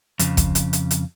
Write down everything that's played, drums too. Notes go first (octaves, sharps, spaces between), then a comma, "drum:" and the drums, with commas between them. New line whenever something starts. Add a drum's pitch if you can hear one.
F2 C#3, drum: hi-hat
drum: kick, hi-hat
drum: hi-hat
drum: hi-hat
drum: hi-hat